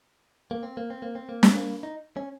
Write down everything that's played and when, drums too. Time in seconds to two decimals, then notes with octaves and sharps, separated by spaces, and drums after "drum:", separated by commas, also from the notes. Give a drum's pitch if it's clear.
0.51 A#3
0.63 C4
0.77 A#3
0.90 C4
1.02 A#3
1.15 C4
1.29 A#3
1.43 C4, drum: snare
1.55 A#3
1.83 D#4
2.17 C#4